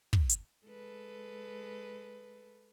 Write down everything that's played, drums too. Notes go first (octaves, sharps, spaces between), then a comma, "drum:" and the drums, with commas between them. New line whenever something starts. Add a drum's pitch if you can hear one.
drum: kick
drum: hi-hat
G#3 A4 B4